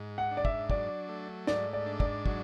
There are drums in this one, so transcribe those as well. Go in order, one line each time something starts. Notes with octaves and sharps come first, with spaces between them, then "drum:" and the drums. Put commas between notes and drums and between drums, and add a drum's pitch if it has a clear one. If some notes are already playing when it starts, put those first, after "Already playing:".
Already playing: G#2
F#5
D4
D5
E5, drum: kick
F#3 D5, drum: kick
A3
G#2 D5, drum: snare
D5
D4
D5, drum: kick
F#3, drum: kick